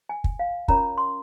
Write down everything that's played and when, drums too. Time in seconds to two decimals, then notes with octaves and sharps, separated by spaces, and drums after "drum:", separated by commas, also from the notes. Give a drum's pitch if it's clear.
0.09 G#5
0.24 drum: kick
0.39 F5
0.68 C#4 F4 A#4 C#5 A#5, drum: kick
0.98 C6